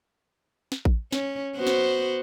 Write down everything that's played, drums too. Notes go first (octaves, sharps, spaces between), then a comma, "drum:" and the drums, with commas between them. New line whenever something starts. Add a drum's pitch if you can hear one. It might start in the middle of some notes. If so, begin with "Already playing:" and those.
drum: snare
drum: kick A1
C#4, drum: snare
B3 F#4 C5
drum: snare